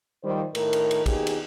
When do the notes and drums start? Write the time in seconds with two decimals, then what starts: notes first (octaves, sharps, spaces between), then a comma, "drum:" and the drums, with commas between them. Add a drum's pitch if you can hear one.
0.24 D#3 F3 G3 C5
0.55 A2 D#3 A#4, drum: cymbal
0.73 drum: cymbal
0.91 drum: cymbal
1.06 D#2 B2 D#4 G4 G#4, drum: kick, cymbal
1.27 drum: cymbal